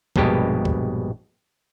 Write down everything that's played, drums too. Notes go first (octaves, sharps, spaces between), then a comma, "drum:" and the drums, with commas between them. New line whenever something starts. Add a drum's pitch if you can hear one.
A#1 G2 B2 G#3 G4, drum: kick
drum: kick